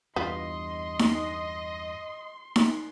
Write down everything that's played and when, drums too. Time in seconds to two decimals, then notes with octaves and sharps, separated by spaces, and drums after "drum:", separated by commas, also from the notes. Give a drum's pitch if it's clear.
0.16 E2 G2 F4 B4 D#5 C6
0.99 drum: snare D#4
2.56 drum: snare D#4